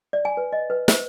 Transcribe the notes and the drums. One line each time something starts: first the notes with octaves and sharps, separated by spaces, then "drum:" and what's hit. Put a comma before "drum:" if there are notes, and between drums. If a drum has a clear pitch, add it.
D5
G#5
B4
D#5
B4
C5, drum: snare